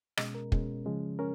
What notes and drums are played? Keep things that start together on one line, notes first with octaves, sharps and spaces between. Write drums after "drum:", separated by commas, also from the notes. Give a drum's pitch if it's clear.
B2 G#3 C#4 D#5, drum: rim click
A#4
B2 G#3 C#4, drum: kick
C#3 F3 G#3 C#4
C#4 A#4